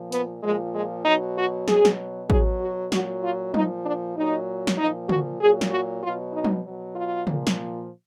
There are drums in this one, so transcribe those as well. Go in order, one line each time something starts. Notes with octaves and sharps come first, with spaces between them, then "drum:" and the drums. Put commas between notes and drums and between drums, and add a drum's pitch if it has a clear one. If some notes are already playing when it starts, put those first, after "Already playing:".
Already playing: A#2 F3
B3, drum: hi-hat
A#2 F3 G#3
G#3
B2 F#3 D#4
F#4
B2 F#3 G#4, drum: snare
drum: snare
B2 F#3 G#4, drum: kick
F#4
A#2 F#3 F#4, drum: snare
F4
A#2 F3 D#4, drum: tom
D4
A#2 F#3 D#4
drum: snare
A#2 F3 D#4
F#4, drum: tom
A#2 F#3 G#4
drum: snare
F#4
B2 F#3 F4
D#4
drum: tom
B2 F#3
F4
A#2 F3, drum: tom
drum: snare